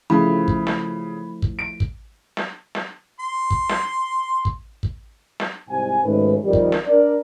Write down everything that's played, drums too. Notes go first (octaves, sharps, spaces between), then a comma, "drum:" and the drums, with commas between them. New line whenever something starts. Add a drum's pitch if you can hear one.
C#3 F3 A3 E4 B5
drum: kick
drum: snare
drum: kick
D7
drum: kick
drum: snare
drum: snare
C6
drum: kick
drum: snare
drum: kick
drum: kick
drum: snare
C2 G#2 C3 G#5
G#2 B2 D#3 A3 C#4 B4
F2 D#3 G3
drum: kick
drum: snare
D4 A#4 D5